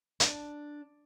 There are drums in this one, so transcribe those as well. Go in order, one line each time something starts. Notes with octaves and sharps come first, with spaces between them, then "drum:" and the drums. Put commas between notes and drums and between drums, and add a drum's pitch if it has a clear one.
D4, drum: hi-hat